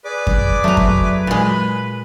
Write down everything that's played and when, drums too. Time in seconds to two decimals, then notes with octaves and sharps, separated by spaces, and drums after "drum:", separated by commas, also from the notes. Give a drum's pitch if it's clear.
0.05 G#4 B4 D5 D6
0.27 drum: kick F2
0.64 F#3 A3 A#5
0.77 drum: kick F2
1.27 A#2 G#3 B5